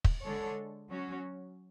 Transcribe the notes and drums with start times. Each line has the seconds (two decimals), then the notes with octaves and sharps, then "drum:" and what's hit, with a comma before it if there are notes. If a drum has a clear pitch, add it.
0.04 drum: kick
0.22 D3 G#3 D4 A4 C#5
0.89 F#3 C#4 F#4 C#5